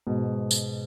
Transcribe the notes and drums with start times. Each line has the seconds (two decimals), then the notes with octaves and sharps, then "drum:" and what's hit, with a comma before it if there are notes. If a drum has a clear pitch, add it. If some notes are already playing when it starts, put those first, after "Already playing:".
0.07 G#2 B2
0.51 drum: tambourine